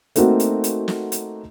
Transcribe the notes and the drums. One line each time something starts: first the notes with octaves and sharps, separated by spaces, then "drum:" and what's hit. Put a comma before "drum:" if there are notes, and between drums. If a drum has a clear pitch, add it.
A3 A#3 C4 D#4 F#4 D#5, drum: hi-hat
drum: hi-hat
drum: hi-hat
drum: snare
drum: hi-hat